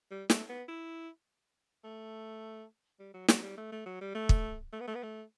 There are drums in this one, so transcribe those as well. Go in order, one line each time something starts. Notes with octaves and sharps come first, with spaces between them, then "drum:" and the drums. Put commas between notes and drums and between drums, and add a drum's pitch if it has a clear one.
G3
A3, drum: snare
B3
E4
A3
G3
F#3
F#3, drum: snare
G3
A3
A3
F#3
G3
A3
drum: kick
A3
B3
A3
B3
A3